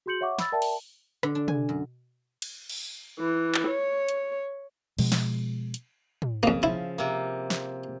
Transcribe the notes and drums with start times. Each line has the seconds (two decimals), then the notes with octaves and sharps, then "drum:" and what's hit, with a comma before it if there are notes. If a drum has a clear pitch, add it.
0.06 F#4 G#4 C6 G6 C#7 F#7
0.21 C#5 E5 F#5 C#6 D6
0.39 B5 E6 A6, drum: snare
0.52 A#4 D5 E5 G5 A5
0.62 drum: open hi-hat
1.23 D3, drum: rim click
1.35 D4
1.48 G#5, drum: tom
1.69 F#2
2.42 drum: cymbal
2.69 drum: cymbal
3.19 E3
3.55 drum: clap
3.67 C#5
4.09 drum: hi-hat
4.98 B2 F3 G#3, drum: cymbal
5.12 drum: snare
5.74 drum: hi-hat
6.22 drum: tom
6.43 F2 C#3 A#3
6.63 F3 E4
6.98 C3 A#3
7.50 drum: snare